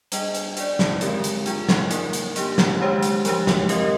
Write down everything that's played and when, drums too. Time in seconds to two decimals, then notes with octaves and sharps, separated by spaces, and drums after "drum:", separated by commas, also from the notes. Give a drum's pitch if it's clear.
0.12 G3 D4 G#4 D#5, drum: hi-hat
0.35 drum: hi-hat
0.57 D4 G#4 D5, drum: hi-hat
0.79 drum: snare
1.01 D3 G#3 C4 G4 A#4, drum: hi-hat
1.24 drum: hi-hat
1.46 D4 F4 G#4, drum: hi-hat
1.69 drum: snare
1.91 A#3 D#4 A#4, drum: hi-hat
2.13 drum: hi-hat
2.36 A#3 D4 G4, drum: hi-hat
2.58 drum: snare
2.80 D#3 G#3 D4 G4 C5
3.03 drum: hi-hat
3.25 F3 G#3 D4 G4, drum: hi-hat
3.47 drum: snare
3.69 C4 G4 A#4 D#5, drum: hi-hat